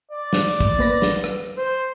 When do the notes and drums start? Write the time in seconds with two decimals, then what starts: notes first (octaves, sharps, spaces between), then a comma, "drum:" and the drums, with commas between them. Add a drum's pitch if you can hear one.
0.11 D5
0.33 drum: snare
0.60 drum: kick
0.79 A#3 B4 A#6
1.02 drum: snare
1.24 drum: rim click
1.57 C5